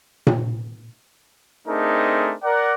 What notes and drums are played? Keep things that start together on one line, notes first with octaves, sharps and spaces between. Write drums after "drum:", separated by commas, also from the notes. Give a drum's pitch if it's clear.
drum: tom A#2
A3 C4 D4 D#4 G#4 A#4
A#4 D5 F#5